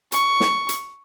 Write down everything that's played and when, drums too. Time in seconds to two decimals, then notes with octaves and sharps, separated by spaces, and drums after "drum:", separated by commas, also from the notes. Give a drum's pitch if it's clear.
0.12 C#6, drum: hi-hat
0.40 drum: snare
0.69 drum: hi-hat